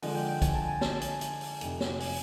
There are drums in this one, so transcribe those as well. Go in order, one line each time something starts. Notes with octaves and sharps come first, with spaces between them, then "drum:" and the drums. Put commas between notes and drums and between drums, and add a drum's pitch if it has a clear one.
D3 F3 G#3 F#5, drum: open hi-hat
G5
G5
G#5, drum: kick, hi-hat
A5
G#5
A5, drum: snare
G#5, drum: hi-hat
drum: hi-hat
drum: open hi-hat
F1 F2 C3, drum: hi-hat
drum: snare
G#5, drum: open hi-hat